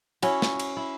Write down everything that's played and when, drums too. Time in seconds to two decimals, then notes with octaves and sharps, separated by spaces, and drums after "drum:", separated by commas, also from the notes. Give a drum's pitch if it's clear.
0.22 C#4 E4 F#4, drum: cymbal
0.42 drum: snare
0.59 drum: cymbal
0.77 E4